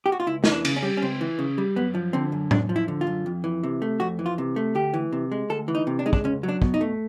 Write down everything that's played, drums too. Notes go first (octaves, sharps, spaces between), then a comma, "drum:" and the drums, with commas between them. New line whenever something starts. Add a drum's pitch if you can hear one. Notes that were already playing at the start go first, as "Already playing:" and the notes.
G4
F#4
F4
C#2 E4
D#4, drum: snare
E3
D4
C#3, drum: cymbal
C#4
G3
C#4
C#2 C4
E3
C#3
G3
F#2 B3
F3
D3 C4
F#2
F#2 D4, drum: tom A2
F3
E4
D3
F4
F#2
F2
E3
C3
A3
F2 F#4
E3
F4
C3
A3
D2 G4
E3
C3
G#3
D2 A4
E3
D#4
C3
D4
G#3 D#4
D4, drum: kick
C#2 C#4
F#3
D4
B2, drum: kick
D#4
A3